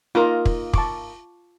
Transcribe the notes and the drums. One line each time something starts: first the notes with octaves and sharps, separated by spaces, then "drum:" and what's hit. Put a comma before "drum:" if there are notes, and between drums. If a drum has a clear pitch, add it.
A#3 D#4 F4 A#4
drum: kick
A5 C#6 D6, drum: kick